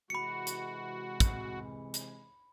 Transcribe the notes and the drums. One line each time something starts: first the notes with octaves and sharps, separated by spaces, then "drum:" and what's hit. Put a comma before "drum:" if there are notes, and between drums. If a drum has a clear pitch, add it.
C3 E3 G#3 F#4 B5 C#7
drum: hi-hat
drum: kick, hi-hat
drum: hi-hat